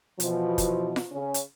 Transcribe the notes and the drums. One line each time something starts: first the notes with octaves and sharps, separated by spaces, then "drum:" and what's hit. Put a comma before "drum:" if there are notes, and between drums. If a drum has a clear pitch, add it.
B2 E3 F3, drum: hi-hat
drum: kick, hi-hat
drum: snare F4
C#3 C#4
drum: hi-hat